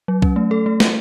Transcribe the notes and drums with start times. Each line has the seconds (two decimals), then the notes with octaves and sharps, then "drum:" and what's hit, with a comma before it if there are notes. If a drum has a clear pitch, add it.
0.08 F#3
0.22 C#4, drum: kick C2
0.36 A3
0.51 A3 A4
0.66 A3
0.80 A3, drum: snare